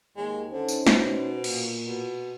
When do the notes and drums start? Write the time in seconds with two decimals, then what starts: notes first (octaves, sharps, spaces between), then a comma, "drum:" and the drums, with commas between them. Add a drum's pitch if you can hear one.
0.16 D#2 G#3
0.51 D3 C#4 D#4 C5
0.68 drum: tambourine
0.87 B2, drum: snare
1.44 A#2, drum: cymbal
1.84 B2